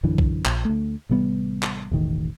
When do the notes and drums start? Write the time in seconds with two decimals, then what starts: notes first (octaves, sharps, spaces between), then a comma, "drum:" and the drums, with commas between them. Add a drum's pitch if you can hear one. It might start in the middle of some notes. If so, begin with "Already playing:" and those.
0.03 A#1 F#2 D3 E3
0.18 drum: kick
0.45 A#1, drum: clap
0.65 D2 A3
1.09 A1 C3 G3 B3
1.63 drum: clap
1.92 E1 A1 D#3